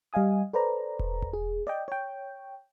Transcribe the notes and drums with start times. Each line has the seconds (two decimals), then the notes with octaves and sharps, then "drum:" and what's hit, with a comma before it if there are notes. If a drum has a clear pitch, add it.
0.13 G3 D#5 F5 G#5 D#6
0.53 A4 B4 C5 D5 A#5
0.99 drum: kick
1.22 drum: kick
1.33 G#4
1.67 D5 D#5 G5
1.88 C#5 G5